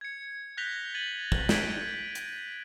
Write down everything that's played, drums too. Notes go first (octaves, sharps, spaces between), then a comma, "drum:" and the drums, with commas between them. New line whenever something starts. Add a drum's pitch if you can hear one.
G#6 C#7
F#6 G6 A#6 B6 F7 G7
G#6 A6 D#7 F#7
drum: kick
G6 G#6 B6 D7 D#7, drum: snare
drum: hi-hat